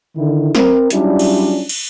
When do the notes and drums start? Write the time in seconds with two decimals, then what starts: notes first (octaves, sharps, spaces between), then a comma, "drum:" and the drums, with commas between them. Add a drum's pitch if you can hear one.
0.16 D3 D#3 E4
0.55 C4 A#4, drum: snare
0.90 F#3 G3 C#4 D4 E4 F4, drum: hi-hat
1.19 drum: cymbal
1.69 drum: cymbal